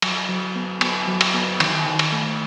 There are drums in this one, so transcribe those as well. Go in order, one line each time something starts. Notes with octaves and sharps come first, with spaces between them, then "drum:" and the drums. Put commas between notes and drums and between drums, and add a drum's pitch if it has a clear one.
F#3, drum: cymbal
F#3
B3
B3, drum: cymbal
F#3
drum: cymbal
B3
D#3, drum: cymbal
D#3
drum: cymbal
A3